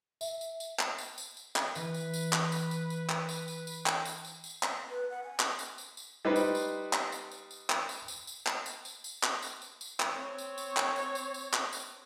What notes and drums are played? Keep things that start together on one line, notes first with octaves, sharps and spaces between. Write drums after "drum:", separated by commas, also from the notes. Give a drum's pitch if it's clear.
E5, drum: tambourine
drum: tambourine
drum: tambourine
drum: clap
drum: tambourine
drum: tambourine
drum: tambourine
drum: clap
E3 B4, drum: tambourine
drum: tambourine
drum: tambourine
drum: clap
drum: tambourine
drum: tambourine
drum: tambourine
drum: clap
drum: tambourine
drum: tambourine
drum: tambourine
drum: clap
drum: tambourine
drum: tambourine
drum: tambourine
drum: clap
B4
F#5
G#5
drum: clap
drum: tambourine
drum: tambourine
drum: tambourine
G3 D#4 B4 C5
drum: tambourine
drum: tambourine
drum: clap
drum: tambourine
drum: tambourine
drum: tambourine
drum: clap
drum: tambourine
drum: tambourine
drum: tambourine
drum: clap
drum: tambourine
drum: tambourine
drum: tambourine
drum: clap
drum: tambourine
drum: tambourine
drum: tambourine
drum: clap
C4 C#5
drum: tambourine
drum: tambourine
drum: clap
drum: tambourine
drum: tambourine
drum: tambourine
drum: clap
drum: tambourine